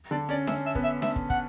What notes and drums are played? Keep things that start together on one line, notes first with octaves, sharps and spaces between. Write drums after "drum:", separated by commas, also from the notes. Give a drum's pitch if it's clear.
D3 D5
C#4 D5
C#4 E5, drum: snare D4
E5
B3, drum: kick
E5
E5, drum: snare D4
drum: kick
F#5, drum: kick